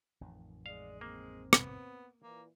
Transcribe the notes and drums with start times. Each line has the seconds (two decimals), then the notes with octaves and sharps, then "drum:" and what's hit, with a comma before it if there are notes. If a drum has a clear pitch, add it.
0.21 A1 F2 D#3
0.66 G#3 D5 F5
1.01 A#3 C4
1.53 B3, drum: rim click
2.23 A#2 E3 A#3